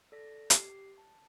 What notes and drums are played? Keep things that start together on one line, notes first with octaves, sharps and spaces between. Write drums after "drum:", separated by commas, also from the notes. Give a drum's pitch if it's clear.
A4 D5 A#6 B6
G4 C7, drum: hi-hat
A5